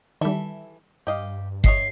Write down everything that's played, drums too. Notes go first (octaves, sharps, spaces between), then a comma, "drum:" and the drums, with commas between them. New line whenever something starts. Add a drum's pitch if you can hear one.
D#3 E3 G3 A4 E5
G2 G4 D#5 F5
C#5 D#5 E5 C7, drum: kick G1